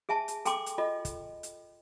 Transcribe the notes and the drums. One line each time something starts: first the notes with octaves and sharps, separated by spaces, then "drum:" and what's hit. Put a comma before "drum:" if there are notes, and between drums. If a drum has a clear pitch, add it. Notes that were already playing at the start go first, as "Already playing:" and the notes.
G#4 E5 G#5 A5
drum: hi-hat
A4 G5 G#5 C6 D6, drum: hi-hat
drum: hi-hat
F4 A4 D#5
drum: kick, hi-hat
drum: hi-hat